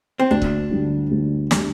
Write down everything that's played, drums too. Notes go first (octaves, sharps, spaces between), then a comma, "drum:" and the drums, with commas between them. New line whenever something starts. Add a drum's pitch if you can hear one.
C4
D2 D4
drum: kick
D3 G3
D2
D3 G3, drum: snare